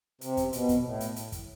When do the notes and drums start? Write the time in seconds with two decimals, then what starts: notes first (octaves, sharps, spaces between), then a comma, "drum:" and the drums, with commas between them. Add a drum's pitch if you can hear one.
0.21 C3, drum: hi-hat
0.37 drum: kick, hi-hat
0.53 B2, drum: hi-hat
0.69 drum: kick, hi-hat
0.85 A2
1.00 drum: hi-hat
1.16 drum: hi-hat
1.32 drum: kick, hi-hat